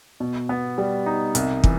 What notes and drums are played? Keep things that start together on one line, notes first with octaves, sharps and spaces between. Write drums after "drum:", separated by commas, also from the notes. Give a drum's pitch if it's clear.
B2
B3
G3
D#4
C2, drum: hi-hat
E3, drum: kick